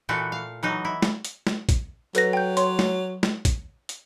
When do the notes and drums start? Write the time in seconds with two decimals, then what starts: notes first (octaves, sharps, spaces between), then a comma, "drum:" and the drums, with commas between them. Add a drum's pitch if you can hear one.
0.09 A#2 E3 A3 F#4
0.32 F5
0.63 E3 F#3 D#4
0.85 E4
1.02 drum: snare
1.25 drum: hi-hat
1.47 drum: snare
1.69 drum: kick, hi-hat
2.15 F#3 A4 B4 A#6, drum: hi-hat
2.33 G5 G6
2.57 C#5 C6, drum: hi-hat
2.79 drum: snare
3.23 drum: snare
3.45 drum: kick, hi-hat
3.89 drum: hi-hat